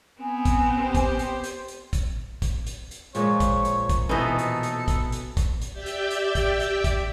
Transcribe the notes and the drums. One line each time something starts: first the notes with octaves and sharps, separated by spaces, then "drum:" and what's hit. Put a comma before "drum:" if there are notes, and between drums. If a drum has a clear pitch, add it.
B3 C4 G#5
drum: kick, hi-hat
G4 C5
drum: kick, hi-hat
drum: hi-hat
drum: hi-hat
drum: hi-hat
drum: kick, hi-hat
drum: kick, hi-hat
drum: hi-hat
drum: hi-hat
A#2 F3 G#3 C#5, drum: hi-hat
drum: kick, hi-hat
drum: hi-hat
drum: kick, hi-hat
B2 E3 D#4 A4
drum: hi-hat
drum: hi-hat
drum: kick, hi-hat
drum: hi-hat
drum: kick, hi-hat
drum: hi-hat
G4 D5 E5 G5
drum: hi-hat
drum: hi-hat
drum: kick, hi-hat
drum: hi-hat
drum: kick, hi-hat